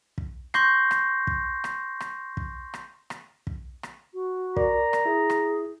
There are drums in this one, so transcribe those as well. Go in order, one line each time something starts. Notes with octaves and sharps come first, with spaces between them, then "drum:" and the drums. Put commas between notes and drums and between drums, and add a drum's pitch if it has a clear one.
drum: kick
C6 C#6 G6 A#6 C7, drum: rim click
drum: rim click
drum: kick
drum: rim click
drum: rim click
drum: kick
drum: rim click
drum: rim click
drum: kick
drum: rim click
F#4
A#4 D5 A#5, drum: kick
drum: rim click
E4 G#4
drum: rim click